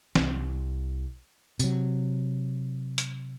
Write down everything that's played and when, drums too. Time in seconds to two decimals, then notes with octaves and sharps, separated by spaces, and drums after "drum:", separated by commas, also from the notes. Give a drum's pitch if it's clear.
0.15 C2, drum: snare
1.59 C3 F#3, drum: tambourine
2.98 drum: hi-hat